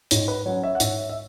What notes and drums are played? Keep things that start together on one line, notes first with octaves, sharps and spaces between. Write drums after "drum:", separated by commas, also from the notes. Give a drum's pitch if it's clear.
G#2 C#5, drum: hi-hat
B4
F#3 C#4 C#5
C#5 E5
F#5
G#2 C#5 E5, drum: hi-hat
E5